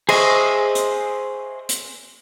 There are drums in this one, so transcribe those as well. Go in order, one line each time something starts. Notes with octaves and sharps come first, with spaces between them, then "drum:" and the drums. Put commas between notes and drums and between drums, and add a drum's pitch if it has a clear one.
G#4 C5 D#5 E5 C#6, drum: cymbal
drum: hi-hat
drum: hi-hat